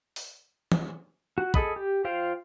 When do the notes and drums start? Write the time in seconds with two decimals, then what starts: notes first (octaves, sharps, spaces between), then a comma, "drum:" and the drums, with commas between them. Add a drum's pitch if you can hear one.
0.16 drum: open hi-hat
0.72 drum: tom
1.38 F#4
1.54 G#4 A4 D#5 B5, drum: kick
1.76 G4
2.05 F4 C5 F5 G5